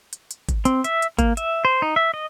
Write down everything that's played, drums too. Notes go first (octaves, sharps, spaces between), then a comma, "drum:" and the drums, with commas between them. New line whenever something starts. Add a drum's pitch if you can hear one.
drum: hi-hat
drum: hi-hat
drum: kick G#1, hi-hat
C4, drum: hi-hat
E5, drum: hi-hat
drum: hi-hat
A#3, drum: kick G#1, hi-hat
E5, drum: hi-hat
C5
D#4
E5
D#5